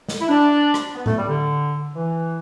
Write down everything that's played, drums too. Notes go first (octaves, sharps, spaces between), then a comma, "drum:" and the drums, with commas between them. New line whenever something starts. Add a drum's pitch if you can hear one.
drum: snare
E4
D4
drum: rim click
B3
A3, drum: tom A2
G3
D3
E3